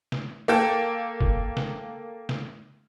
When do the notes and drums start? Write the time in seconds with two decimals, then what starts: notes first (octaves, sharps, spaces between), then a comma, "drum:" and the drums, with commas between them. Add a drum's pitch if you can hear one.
0.12 drum: snare
0.48 A#3 A4 G5
1.21 drum: kick
1.57 drum: snare
2.29 drum: snare